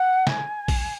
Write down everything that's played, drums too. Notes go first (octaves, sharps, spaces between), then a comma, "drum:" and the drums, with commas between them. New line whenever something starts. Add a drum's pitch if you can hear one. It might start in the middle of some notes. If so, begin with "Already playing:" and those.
Already playing: F#5
G#5, drum: snare
drum: kick, open hi-hat